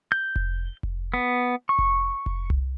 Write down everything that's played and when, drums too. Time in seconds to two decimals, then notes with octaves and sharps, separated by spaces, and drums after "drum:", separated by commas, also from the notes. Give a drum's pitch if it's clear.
0.12 G6
0.36 drum: kick F1
0.83 drum: kick F1
1.14 B3
1.69 C#6
1.79 drum: kick F1
2.26 drum: kick F1
2.50 drum: tom C2